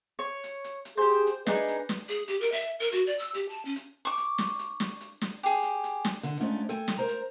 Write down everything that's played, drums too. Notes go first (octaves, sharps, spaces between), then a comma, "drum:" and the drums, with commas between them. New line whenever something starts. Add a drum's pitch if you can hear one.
C#5
drum: hi-hat
drum: hi-hat
drum: hi-hat
G4 G#4 C5
drum: hi-hat
D4 D#4 G#4 B4, drum: snare
drum: hi-hat
drum: snare
G#4, drum: hi-hat
G4, drum: hi-hat
A#4
E5, drum: hi-hat
A#4
F#4, drum: hi-hat
D5
E6
G4, drum: hi-hat
A5
C#4
drum: hi-hat
C#6 D6
drum: hi-hat
drum: snare
drum: hi-hat
drum: snare
drum: hi-hat
drum: snare
G4 G#4, drum: hi-hat
drum: hi-hat
drum: hi-hat
drum: snare
D3 F#5, drum: hi-hat
G#2 A3 C#4 D4 F4
A4 G5 G#5, drum: hi-hat
drum: snare
A#4 C5 A#5
drum: hi-hat